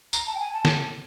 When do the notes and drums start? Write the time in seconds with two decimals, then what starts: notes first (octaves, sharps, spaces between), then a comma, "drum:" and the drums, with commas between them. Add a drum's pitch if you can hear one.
0.13 A#5, drum: tambourine
0.26 A5
0.34 G5
0.39 G#5
0.52 A5
0.65 drum: snare